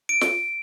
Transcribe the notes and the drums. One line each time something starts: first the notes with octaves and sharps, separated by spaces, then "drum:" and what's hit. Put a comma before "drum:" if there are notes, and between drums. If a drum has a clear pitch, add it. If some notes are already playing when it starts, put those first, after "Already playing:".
D7
drum: snare